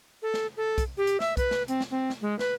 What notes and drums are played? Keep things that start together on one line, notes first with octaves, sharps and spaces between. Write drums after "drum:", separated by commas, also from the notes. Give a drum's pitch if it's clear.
A4
drum: snare
A4
drum: kick, hi-hat
G4
drum: hi-hat
E5, drum: snare
B4, drum: kick, hi-hat
drum: snare
C4, drum: hi-hat
drum: snare
C4
drum: snare
G#3
B4, drum: snare